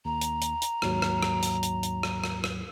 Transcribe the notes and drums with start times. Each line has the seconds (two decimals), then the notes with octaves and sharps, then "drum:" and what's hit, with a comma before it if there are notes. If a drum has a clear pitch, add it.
0.05 D#2 A#5
0.21 drum: hi-hat
0.42 drum: hi-hat
0.62 drum: hi-hat
0.82 D#2 G#2 F#3, drum: rim click
1.02 drum: rim click
1.23 drum: rim click
1.43 drum: hi-hat
1.63 drum: hi-hat
1.83 drum: hi-hat
2.03 drum: rim click
2.24 drum: rim click
2.44 drum: rim click